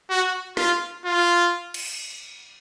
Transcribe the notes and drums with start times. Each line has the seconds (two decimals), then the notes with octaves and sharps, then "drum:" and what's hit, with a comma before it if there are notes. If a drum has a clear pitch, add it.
0.10 F#4
0.57 F4, drum: snare
1.05 F4
1.74 drum: cymbal